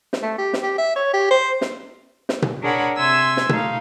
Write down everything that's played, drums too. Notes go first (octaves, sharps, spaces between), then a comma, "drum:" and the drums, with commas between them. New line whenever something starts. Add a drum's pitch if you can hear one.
drum: snare
A3
G4
drum: snare
G4
E5
C#5
G4
C5
drum: snare
drum: snare
drum: tom B2
D4 G#4 A#4 C#5 F#5 B5
C3 E5 G#5 C6 E6
drum: snare
A3 D#4 F5, drum: tom B2